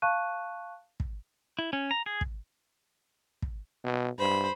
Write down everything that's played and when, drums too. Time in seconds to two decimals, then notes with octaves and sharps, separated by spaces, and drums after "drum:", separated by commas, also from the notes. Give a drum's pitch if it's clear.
0.02 F5 A5 C#6 F#6 D#7
1.00 drum: kick
1.59 E4
1.73 C#4
1.91 A#5
2.06 G#4
2.21 drum: kick
3.42 drum: kick
3.84 B2
4.19 G2 C5 B5